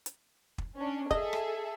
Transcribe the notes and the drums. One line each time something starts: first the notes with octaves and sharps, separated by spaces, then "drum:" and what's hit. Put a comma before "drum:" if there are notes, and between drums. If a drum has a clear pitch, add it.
drum: hi-hat
drum: kick
C#4 D4
G#4 A4 D#5 E5, drum: kick
drum: rim click